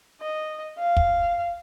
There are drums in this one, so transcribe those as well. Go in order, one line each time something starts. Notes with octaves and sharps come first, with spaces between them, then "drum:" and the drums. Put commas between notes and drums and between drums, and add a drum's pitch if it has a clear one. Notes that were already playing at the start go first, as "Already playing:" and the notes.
D#5
F5
drum: kick